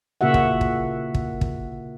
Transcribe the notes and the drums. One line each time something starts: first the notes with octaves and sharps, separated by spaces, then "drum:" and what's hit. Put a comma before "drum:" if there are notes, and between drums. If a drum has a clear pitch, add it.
A#2 C#3 A#3 F#4 E5 F#5
drum: kick
drum: kick
drum: kick
drum: kick